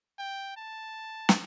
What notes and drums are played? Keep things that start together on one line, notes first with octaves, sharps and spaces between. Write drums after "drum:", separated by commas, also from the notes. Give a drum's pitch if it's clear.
G5
A5
drum: snare